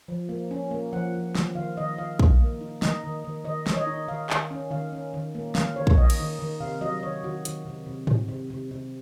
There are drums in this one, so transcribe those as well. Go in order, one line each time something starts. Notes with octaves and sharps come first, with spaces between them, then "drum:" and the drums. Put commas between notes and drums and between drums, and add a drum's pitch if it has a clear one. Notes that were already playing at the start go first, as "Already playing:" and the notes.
F3
A#3
C#4
A#3
F3 F#5
F3
F3, drum: snare
D#3 F5
D#3 D#5
D#3 F5
D#3, drum: kick
A#3
D#4
D#4 D#5, drum: snare
D#3
D#3
D#3 D#5
D#3, drum: snare
C#5
D#5
D#4
D#3 F5
D#3, drum: clap
C#4
D#3 F5
C#4
D#3
A#3
C#4 F5, drum: snare
D#3 C#5
drum: kick
D#3 D#5
drum: cymbal
D#3
D#3
C3 F5
F#3 D#5
D#3 C#5
D#3 F#4
D#3, drum: hi-hat
C3
C3
C3, drum: tom G#2
C3
C3
C3